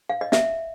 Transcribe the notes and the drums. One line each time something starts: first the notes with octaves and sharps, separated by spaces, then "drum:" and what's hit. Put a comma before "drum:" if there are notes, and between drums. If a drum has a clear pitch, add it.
F5
D#5
E5, drum: snare